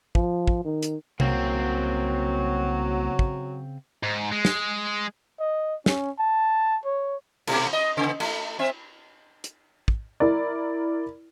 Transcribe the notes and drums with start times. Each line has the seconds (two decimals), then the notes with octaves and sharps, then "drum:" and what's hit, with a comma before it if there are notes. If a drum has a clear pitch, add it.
0.15 F3, drum: kick
0.48 drum: kick
0.65 D#3
0.82 drum: hi-hat
1.20 C2 C#3 F#3 A#3 C4, drum: tom C3
3.19 drum: kick
4.03 G#2
4.31 G#3
4.45 drum: snare
5.40 D#5
5.86 C#4, drum: snare
6.19 A5
6.85 C#5
7.47 B2 A3, drum: cymbal
7.73 D#5
7.97 C#3 B3
8.20 A3, drum: cymbal
8.59 C4 E5
9.44 drum: hi-hat
9.88 drum: kick
10.20 E4 A#4 D5